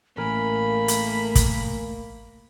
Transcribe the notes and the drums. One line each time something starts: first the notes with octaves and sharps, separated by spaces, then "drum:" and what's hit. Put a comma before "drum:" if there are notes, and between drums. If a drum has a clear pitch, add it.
A1 A3 A#3 A#4 G#5 B5
drum: hi-hat
drum: kick, hi-hat